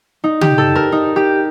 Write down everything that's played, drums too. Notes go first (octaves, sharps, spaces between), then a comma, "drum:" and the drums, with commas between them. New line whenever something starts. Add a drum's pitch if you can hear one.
D#4
G4, drum: tom C#3
A4
A#4
D#4
G4